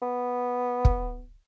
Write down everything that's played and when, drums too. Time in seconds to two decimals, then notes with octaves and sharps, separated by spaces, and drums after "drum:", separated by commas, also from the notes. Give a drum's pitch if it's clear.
0.02 B3
0.85 drum: kick